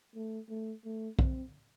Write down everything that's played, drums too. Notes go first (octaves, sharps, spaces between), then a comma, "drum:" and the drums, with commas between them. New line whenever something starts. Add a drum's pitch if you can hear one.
A3
A3
A3
C4, drum: kick